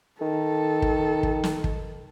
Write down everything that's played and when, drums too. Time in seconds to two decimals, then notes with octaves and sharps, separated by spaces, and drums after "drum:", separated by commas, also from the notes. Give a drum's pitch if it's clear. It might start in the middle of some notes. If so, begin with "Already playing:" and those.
0.21 D#3 A4
0.82 drum: kick
1.23 drum: kick
1.44 drum: snare
1.64 drum: kick